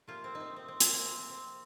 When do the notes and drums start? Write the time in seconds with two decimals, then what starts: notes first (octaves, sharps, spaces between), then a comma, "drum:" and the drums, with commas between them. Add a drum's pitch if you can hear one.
0.07 C3 F3 A#3 F4
0.24 C4
0.35 D#4
0.40 C4
0.56 C4
0.68 C4
0.80 A#3, drum: hi-hat
0.93 C4
1.05 C3 F3 A#3 C4
1.30 C4